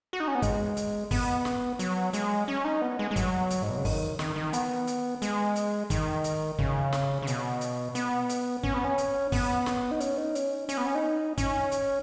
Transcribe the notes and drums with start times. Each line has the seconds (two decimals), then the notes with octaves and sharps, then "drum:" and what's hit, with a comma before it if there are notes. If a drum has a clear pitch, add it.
0.13 F#4
0.20 D#4
0.28 C#4
0.35 B3
0.42 G#3, drum: kick, hi-hat
0.77 drum: hi-hat
1.11 B3, drum: kick, open hi-hat
1.45 drum: snare
1.79 F#3, drum: hi-hat
2.13 G#3, drum: hi-hat
2.48 C#4
2.64 D#4
2.82 B3
2.99 G#3
3.11 G#3
3.16 F#3, drum: kick, hi-hat
3.50 drum: hi-hat
3.62 G#2
3.70 B2
3.77 C#3
3.85 D#3, drum: kick, open hi-hat
4.19 D#3, drum: snare
4.36 D#3
4.53 B3, drum: hi-hat
4.87 drum: hi-hat
5.22 G#3, drum: hi-hat
5.56 drum: hi-hat
5.90 D#3, drum: kick, hi-hat
6.24 drum: hi-hat
6.59 C#3, drum: kick
6.93 drum: snare
7.22 C#3
7.27 B2, drum: hi-hat
7.61 drum: hi-hat
7.95 B3, drum: hi-hat
8.29 drum: hi-hat
8.63 C#4, drum: kick
8.74 B3
8.84 C#4
8.98 drum: hi-hat
9.32 B3, drum: kick, open hi-hat
9.66 drum: snare
9.91 D#4
10.00 C#4, drum: hi-hat
10.18 D#4
10.35 C#4, drum: hi-hat
10.69 C#4, drum: hi-hat
10.77 B3
10.86 C#4
10.95 D#4
11.38 C#4, drum: kick, hi-hat
11.72 drum: hi-hat